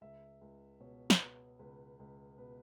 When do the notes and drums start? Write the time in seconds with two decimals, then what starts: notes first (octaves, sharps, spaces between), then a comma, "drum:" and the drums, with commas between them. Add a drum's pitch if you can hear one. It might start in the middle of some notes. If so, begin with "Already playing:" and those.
0.01 C#2 E5
0.41 C#2
0.80 B2 C#5
1.10 drum: snare
1.20 B3
1.59 C#2 B4
2.00 C#2
2.38 B2 B4